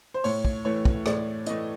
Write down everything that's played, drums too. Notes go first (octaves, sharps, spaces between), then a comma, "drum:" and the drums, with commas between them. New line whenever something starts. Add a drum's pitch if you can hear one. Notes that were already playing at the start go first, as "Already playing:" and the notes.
C5
A2 C#5, drum: open hi-hat
drum: kick
E3 A3 C#5
drum: kick
A2 D5, drum: rim click
E3 A3 D#5, drum: hi-hat